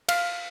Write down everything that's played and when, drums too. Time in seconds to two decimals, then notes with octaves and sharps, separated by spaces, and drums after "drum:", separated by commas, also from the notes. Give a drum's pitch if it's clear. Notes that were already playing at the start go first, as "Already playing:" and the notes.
0.09 F5, drum: cymbal